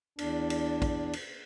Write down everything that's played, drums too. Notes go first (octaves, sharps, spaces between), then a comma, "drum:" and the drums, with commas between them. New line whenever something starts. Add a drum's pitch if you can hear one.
E2 D4, drum: cymbal
drum: cymbal
drum: kick, cymbal
drum: cymbal